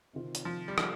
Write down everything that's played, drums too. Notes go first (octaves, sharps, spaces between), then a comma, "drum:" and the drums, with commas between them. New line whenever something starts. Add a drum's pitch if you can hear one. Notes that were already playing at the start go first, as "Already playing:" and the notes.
C3 D#3 C4 F4
drum: hi-hat
F3
G3
F3, drum: rim click